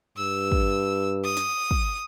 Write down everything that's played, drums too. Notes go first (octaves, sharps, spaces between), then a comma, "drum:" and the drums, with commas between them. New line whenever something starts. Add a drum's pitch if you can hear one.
G2 E6
drum: kick
D#6
drum: snare
drum: kick